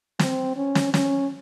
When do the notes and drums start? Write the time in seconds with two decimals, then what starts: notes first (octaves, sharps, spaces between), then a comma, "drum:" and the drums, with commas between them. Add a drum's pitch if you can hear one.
0.19 C4, drum: snare
0.57 C#4
0.75 drum: snare
0.94 C#4, drum: snare